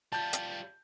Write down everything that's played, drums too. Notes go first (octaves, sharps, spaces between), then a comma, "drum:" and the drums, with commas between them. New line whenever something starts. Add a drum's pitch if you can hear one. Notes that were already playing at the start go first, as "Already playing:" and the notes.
G3 F4 A5 G6
drum: hi-hat